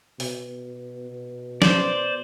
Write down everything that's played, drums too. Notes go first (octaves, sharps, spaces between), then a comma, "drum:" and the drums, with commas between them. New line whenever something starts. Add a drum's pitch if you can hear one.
B2, drum: open hi-hat
C5 D5, drum: snare